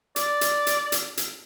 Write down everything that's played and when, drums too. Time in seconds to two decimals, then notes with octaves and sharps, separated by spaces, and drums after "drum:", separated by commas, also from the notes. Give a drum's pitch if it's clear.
0.16 D5, drum: hi-hat
0.41 drum: hi-hat
0.67 drum: hi-hat
0.92 drum: hi-hat
1.17 drum: hi-hat